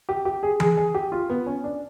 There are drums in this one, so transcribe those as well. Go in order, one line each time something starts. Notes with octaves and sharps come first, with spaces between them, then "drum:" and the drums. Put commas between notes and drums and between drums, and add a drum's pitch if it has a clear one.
G4
G4
G#4
G#4, drum: tom E3
G#4
G4
F4
B3
C#4
D4